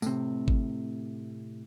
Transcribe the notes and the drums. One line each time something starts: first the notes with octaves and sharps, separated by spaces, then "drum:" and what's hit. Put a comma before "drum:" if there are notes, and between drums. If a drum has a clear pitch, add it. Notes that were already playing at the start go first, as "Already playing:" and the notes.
A2 C3, drum: tambourine
drum: kick G#1